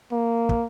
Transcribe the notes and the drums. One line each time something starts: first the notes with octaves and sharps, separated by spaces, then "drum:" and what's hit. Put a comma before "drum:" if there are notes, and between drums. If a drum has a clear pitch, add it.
A#3
drum: kick